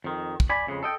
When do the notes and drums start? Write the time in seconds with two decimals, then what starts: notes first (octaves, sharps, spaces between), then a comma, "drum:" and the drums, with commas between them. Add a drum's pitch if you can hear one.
0.04 F2 D#3
0.40 drum: kick
0.49 D5 G#5 B5
0.67 F2 C#3 G#3
0.83 A4 D#5 G5